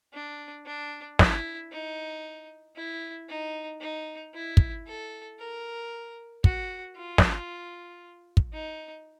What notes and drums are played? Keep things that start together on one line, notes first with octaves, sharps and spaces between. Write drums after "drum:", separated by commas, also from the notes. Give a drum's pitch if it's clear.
D4
D4
E4, drum: snare
D#4
E4
D#4
D#4
E4
drum: kick
A4
A#4
F#4, drum: kick
F4
drum: snare
drum: kick
D#4